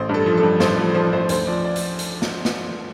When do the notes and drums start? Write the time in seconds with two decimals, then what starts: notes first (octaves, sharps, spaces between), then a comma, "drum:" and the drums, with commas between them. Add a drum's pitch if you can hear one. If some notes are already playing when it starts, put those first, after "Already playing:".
Already playing: A1 C5
0.09 G2 A4
0.26 F3
0.37 A4
0.43 G2
0.60 A1 C5, drum: snare
0.77 F3 A4
0.94 F3 C5
1.12 A1 C5
1.29 D2 C5, drum: hi-hat
1.47 F3 D5
1.65 D5
1.76 drum: hi-hat
1.99 drum: hi-hat
2.22 drum: snare
2.45 drum: snare